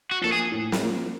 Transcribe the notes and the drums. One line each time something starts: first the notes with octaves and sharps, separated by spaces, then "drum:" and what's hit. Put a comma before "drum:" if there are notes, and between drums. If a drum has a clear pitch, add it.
F#4
F3 A#3 A4
G#4
A2
drum: snare
F3 A#3